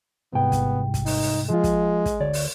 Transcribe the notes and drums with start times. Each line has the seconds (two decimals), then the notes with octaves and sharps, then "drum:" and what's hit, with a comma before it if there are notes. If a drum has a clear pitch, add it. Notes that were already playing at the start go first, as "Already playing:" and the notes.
0.33 C2 G#2 B3 G5
0.52 drum: kick, hi-hat
0.94 drum: kick, hi-hat
1.06 D#4, drum: open hi-hat
1.22 drum: open hi-hat
1.50 F3 G#3 F4
1.64 drum: kick, hi-hat
2.06 drum: kick, hi-hat
2.20 D2 C#5 D5
2.33 drum: open hi-hat